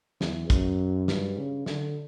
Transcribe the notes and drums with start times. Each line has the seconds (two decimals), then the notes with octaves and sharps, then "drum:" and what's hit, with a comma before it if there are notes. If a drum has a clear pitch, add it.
0.21 E2, drum: snare
0.50 F#2, drum: kick, hi-hat
1.08 G2, drum: snare
1.38 C#3
1.66 D3, drum: snare